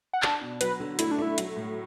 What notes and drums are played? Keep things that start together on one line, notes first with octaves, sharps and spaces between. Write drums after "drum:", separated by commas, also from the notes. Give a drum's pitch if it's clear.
F#5
D4 A5, drum: clap
B2
F#3 B4, drum: hi-hat
D3
A3 E4, drum: hi-hat
D4
A3 E4
F#3, drum: hi-hat
A2